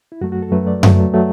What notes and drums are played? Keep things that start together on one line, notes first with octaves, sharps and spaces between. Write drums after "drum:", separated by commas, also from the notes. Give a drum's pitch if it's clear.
E4
F#2 F#3 A3 F#4
F#4
A4
F#2 F#3 A3 B4
D5
F#2 F#3 A3, drum: tom F#2
F#3 A3